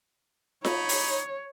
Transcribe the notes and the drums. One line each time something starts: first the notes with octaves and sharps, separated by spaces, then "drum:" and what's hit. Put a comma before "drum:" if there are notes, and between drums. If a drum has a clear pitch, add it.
D#4 C#5 B5, drum: snare F4
drum: open hi-hat